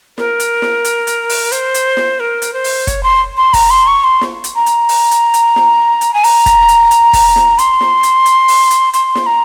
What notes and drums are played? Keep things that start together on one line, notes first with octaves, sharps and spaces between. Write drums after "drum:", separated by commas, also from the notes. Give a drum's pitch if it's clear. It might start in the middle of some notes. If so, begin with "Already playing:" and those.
A#4, drum: snare
drum: hi-hat
drum: snare
drum: hi-hat
drum: hi-hat
drum: open hi-hat
C5, drum: hi-hat
drum: hi-hat
drum: snare
A#4
drum: hi-hat
C5
drum: open hi-hat
C#5, drum: kick, hi-hat
C6
C6
A#5, drum: kick, open hi-hat
C6
C#6
C6
drum: snare
drum: hi-hat
A#5
drum: hi-hat
drum: open hi-hat
drum: hi-hat
drum: hi-hat
drum: snare
drum: hi-hat
G#5
A#5, drum: open hi-hat
drum: kick, hi-hat
drum: hi-hat
drum: hi-hat
drum: kick, open hi-hat
drum: snare
C6, drum: hi-hat
drum: snare
drum: hi-hat
drum: hi-hat
drum: open hi-hat
drum: hi-hat
C6, drum: hi-hat
drum: snare
A#5